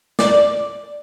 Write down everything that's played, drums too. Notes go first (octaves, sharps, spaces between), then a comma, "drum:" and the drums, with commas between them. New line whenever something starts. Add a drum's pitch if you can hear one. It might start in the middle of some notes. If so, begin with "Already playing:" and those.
D5, drum: snare